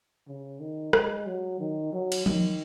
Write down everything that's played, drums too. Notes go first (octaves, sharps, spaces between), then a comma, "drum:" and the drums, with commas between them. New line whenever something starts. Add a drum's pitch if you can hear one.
C#3
D#3
G#3, drum: rim click
F#3
D#3
F#3
drum: cymbal
D#3, drum: tom F3